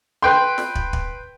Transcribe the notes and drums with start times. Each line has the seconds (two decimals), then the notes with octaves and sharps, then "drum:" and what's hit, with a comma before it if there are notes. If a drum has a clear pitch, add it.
0.22 B4 G5 C6
0.58 drum: snare
0.75 drum: kick
0.93 drum: kick